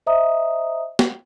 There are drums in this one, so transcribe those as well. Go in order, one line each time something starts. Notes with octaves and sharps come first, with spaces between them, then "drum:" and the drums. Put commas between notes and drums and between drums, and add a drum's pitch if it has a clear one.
C5 D#5 E5 A#5 D#6
drum: snare